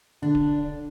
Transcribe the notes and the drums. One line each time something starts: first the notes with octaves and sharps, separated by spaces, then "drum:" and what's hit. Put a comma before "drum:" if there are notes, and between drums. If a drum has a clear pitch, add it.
D3 D4
drum: kick D1